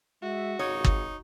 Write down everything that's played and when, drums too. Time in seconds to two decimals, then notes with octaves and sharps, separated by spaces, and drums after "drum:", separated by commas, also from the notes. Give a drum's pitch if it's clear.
0.23 G#3 F#4 E5
0.59 G#1 C#2 C#3 D#4 C#5
0.84 drum: kick